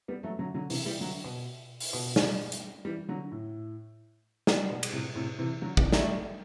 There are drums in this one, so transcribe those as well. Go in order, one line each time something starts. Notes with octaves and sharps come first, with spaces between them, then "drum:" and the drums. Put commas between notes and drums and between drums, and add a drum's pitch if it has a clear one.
G3 B3
F#3 A3
D3 F#3
D3 F#3
C3 E3, drum: open hi-hat
E3 G3
D3 F#3
B2
drum: open hi-hat
B2
drum: snare
drum: hi-hat
E3 G3
D3 F#3
A2
drum: snare
B2
drum: cymbal
A2 C3
A2 C3
C3 E3
D3 F#3
E3 G3, drum: kick
F#3 A3, drum: snare